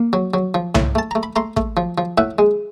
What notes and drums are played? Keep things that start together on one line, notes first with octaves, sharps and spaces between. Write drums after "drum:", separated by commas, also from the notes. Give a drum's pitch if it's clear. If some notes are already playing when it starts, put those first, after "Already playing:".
Already playing: A#3
F#3
F#3
F3
A2, drum: tom C2
A3 A5
A3 A#5
B5
A3 A#5 C6
A3, drum: kick
F3
F3
A2 E5 F#5
G#3